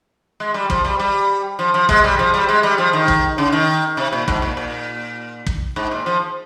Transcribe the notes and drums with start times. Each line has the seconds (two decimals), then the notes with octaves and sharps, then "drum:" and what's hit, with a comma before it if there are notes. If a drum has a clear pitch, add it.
0.40 G#3
0.54 G3
0.70 F3, drum: kick
0.85 G3
0.99 G3
1.59 F3
1.74 F3
1.89 G#3, drum: kick
2.04 G3, drum: tom
2.19 F3
2.34 G3
2.48 G#3
2.63 G3
2.78 F3
2.93 D#3
3.08 drum: kick
3.38 C#3
3.52 D#3
3.97 C3
4.13 A#2
4.28 G#2, drum: kick
4.42 A#2
4.57 A#2
5.46 drum: kick
5.76 G#2
5.91 A#2
6.06 F3